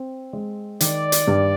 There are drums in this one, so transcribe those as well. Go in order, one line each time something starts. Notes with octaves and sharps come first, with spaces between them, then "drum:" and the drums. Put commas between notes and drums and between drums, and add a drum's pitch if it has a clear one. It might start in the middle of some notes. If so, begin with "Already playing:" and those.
Already playing: C4
G#3
D#3 D5, drum: hi-hat
drum: hi-hat
G2